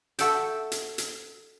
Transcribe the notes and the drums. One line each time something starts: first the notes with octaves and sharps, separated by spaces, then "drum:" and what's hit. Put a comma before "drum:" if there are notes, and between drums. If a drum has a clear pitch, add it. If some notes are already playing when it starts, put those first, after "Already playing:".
F#4 A4 E5 F#5 G5, drum: hi-hat
drum: hi-hat
drum: hi-hat